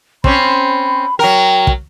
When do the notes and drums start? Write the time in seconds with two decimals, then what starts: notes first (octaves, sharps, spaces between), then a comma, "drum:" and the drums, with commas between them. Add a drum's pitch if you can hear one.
0.24 C4 C#4 B5, drum: kick
1.19 F#3 A#4 G5
1.67 drum: kick